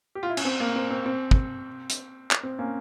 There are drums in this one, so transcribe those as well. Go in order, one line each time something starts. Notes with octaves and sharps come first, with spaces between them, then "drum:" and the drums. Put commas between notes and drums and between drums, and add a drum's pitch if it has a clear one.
G4
F4
E4
C#4, drum: cymbal
C4
A#3
C4
C4
C4
drum: kick
drum: hi-hat
drum: clap
C4
A#3 C#4